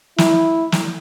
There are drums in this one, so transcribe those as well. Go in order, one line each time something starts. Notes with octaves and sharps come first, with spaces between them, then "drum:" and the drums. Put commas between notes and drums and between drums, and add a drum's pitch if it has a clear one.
E4, drum: snare
drum: snare